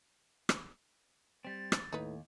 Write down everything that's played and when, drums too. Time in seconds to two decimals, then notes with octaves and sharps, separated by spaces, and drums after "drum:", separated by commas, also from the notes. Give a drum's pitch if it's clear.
0.49 drum: rim click
1.45 G3 C4 A6
1.72 drum: rim click
1.93 D#2 A2 D#4 B4